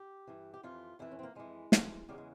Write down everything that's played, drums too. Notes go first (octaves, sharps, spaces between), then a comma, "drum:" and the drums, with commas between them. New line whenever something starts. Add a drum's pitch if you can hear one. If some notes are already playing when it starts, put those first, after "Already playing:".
Already playing: G4
G2 E3
G4
F2 E3 F4
F2 E3 E4
C#4
C4
A#3
F2 E3 G#3
F2 E3, drum: snare
E2 C#3 E3 G3
G#3